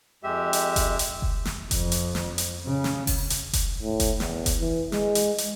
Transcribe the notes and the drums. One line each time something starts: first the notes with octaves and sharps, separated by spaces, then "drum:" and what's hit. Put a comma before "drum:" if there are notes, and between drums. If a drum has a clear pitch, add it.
F2 G#3 G4 E5
drum: hi-hat
drum: kick F1, hi-hat
drum: hi-hat
drum: kick F1
drum: snare
F2, drum: kick F1, hi-hat
drum: hi-hat
drum: snare
drum: hi-hat
C#3
drum: snare
drum: kick F1, open hi-hat
drum: hi-hat
drum: kick F1, hi-hat
A2
drum: kick F1, hi-hat
E2, drum: snare
drum: kick F1, hi-hat
E3
G#3, drum: snare
drum: hi-hat
drum: hi-hat